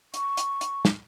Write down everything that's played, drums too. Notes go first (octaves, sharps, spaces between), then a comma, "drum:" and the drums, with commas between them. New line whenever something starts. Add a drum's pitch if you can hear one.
C#6, drum: hi-hat
drum: hi-hat
drum: hi-hat
drum: snare